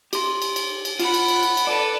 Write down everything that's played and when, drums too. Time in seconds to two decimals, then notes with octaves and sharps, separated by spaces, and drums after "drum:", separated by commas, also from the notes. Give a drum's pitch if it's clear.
0.13 G4 C6, drum: cymbal
0.42 drum: cymbal
0.56 drum: cymbal
0.85 drum: cymbal
0.99 F4 F#5 B5, drum: cymbal
1.14 drum: cymbal
1.28 drum: cymbal
1.43 drum: cymbal
1.57 drum: cymbal
1.67 A4 B4 D5